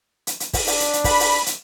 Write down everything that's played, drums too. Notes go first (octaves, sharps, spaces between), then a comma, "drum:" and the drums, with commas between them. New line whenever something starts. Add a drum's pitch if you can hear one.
drum: hi-hat
drum: hi-hat
drum: kick, open hi-hat
D4, drum: open hi-hat
drum: hi-hat
drum: hi-hat
B5, drum: kick, open hi-hat
drum: open hi-hat
drum: hi-hat